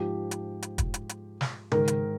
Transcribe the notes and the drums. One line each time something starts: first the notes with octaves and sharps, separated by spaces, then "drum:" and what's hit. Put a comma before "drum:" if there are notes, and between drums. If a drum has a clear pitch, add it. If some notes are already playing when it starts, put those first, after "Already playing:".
Already playing: G#2 F3 G4
drum: hi-hat
drum: hi-hat
drum: kick, hi-hat
drum: hi-hat
drum: hi-hat
drum: snare
G#2 D#3 A#4, drum: tom C#3
drum: hi-hat